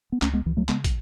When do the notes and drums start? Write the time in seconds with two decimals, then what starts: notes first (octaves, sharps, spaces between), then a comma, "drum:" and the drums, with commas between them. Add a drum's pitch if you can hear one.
0.12 B3
0.22 C#2 A3 C#4, drum: clap
0.33 G#3 B3
0.46 C#2 E3
0.57 F#3 A3
0.68 C#3 G#3 B3, drum: clap
0.84 drum: kick, hi-hat